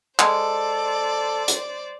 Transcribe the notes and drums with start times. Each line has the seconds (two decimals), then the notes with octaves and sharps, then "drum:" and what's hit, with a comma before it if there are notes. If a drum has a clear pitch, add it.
0.19 G#3 A4 C5 D5, drum: clap
1.48 drum: hi-hat